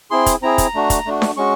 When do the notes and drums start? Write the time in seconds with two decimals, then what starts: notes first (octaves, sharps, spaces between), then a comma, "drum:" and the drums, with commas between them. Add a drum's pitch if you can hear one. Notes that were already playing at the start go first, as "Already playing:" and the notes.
0.11 C4 E4 G#4 C6
0.26 drum: kick, hi-hat
0.42 C4 E4 G#4 A#5
0.58 drum: kick, hi-hat
0.74 A3 D4 F#4
0.90 drum: kick, hi-hat
1.06 A3 D4 F#4
1.22 drum: snare D4
1.37 G#3 C#4 F#4 C#6